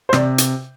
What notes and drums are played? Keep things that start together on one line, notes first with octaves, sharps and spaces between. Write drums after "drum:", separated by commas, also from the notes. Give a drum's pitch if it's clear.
C5
C3 D5, drum: rim click
drum: hi-hat